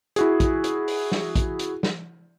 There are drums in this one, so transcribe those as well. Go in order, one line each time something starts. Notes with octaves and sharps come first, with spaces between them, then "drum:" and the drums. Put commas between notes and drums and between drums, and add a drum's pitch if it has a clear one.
E4 F#4 G#4, drum: hi-hat
drum: kick, hi-hat
drum: hi-hat
drum: open hi-hat
drum: snare
drum: kick, hi-hat
drum: hi-hat
drum: snare